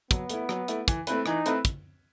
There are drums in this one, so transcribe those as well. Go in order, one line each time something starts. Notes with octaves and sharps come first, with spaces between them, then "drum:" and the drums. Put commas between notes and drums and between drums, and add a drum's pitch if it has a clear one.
F#3 B3, drum: kick, hi-hat
A3 E4, drum: hi-hat
F#3, drum: rim click
A3 E4, drum: hi-hat
E3, drum: kick, hi-hat
A3 C4 E4 B4, drum: hi-hat
E3 D#4, drum: rim click
A3 C4 E4 B4, drum: hi-hat
drum: kick, hi-hat